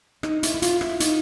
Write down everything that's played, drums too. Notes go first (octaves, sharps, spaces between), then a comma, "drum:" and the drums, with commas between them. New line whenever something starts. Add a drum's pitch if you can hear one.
D#4, drum: rim click
E4, drum: hi-hat
E4
F4, drum: hi-hat
E4, drum: rim click
D#4, drum: hi-hat